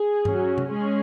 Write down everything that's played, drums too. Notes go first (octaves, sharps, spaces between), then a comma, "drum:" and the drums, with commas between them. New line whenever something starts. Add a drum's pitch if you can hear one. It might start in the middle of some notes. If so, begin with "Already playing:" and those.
Already playing: G#4
F#3 C#4, drum: tom G2
drum: tom C3
G#3 C#4 G#4